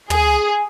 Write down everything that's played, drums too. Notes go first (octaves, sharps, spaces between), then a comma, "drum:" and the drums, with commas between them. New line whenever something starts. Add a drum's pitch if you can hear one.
G#4, drum: tom